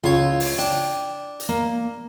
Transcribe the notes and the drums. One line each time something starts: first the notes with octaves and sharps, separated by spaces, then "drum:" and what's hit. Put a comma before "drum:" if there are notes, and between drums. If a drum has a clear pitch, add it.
C#2 F4 C#5
drum: open hi-hat
D4 G5
drum: hi-hat
A#3